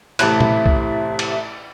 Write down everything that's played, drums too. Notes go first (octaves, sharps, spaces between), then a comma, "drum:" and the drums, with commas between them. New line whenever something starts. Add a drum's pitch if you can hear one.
A1 C3 E4 E5 A5 F#6, drum: cymbal
drum: tom A#2
drum: kick C2
drum: cymbal